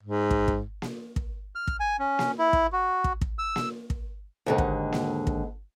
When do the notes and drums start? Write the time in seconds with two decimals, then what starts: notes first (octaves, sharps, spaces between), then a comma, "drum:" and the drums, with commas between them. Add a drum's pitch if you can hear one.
0.03 G#2
0.31 drum: kick
0.48 drum: kick
0.82 drum: snare A#3
1.16 drum: kick
1.55 F6
1.67 drum: kick
1.80 G#5
1.99 C#4
2.19 drum: snare A#3
2.39 E4
2.53 drum: kick
2.73 F#4
3.04 drum: kick
3.21 drum: kick
3.39 E6
3.56 drum: snare A#3
3.90 drum: kick
4.46 D#2 G#2 D3
4.58 drum: kick
4.92 drum: snare A#3
5.27 drum: kick